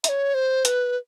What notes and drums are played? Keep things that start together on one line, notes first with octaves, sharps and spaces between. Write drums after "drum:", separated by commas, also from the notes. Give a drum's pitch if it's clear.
E5, drum: hi-hat
C#5
C5
B4, drum: hi-hat